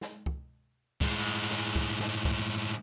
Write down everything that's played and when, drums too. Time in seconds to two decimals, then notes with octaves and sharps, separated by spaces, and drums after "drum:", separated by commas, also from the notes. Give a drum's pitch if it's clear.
0.01 drum: snare
0.26 drum: kick
1.01 A2 G#3, drum: kick
1.51 drum: snare
1.75 drum: kick
2.00 drum: snare
2.25 drum: kick